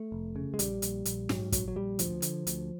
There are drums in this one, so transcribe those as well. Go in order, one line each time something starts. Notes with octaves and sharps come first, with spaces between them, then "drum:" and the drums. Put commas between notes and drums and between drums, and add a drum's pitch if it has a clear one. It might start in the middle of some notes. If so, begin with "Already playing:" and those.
Already playing: A3
F1
C#3
G#3
A#1 G3, drum: hi-hat
A#1, drum: hi-hat
A#1, drum: hi-hat
G#2 F#3, drum: snare
A#1 F#3, drum: kick, hi-hat
F#3
A#1 G3
D2 F3, drum: hi-hat
D3, drum: hi-hat
D2, drum: hi-hat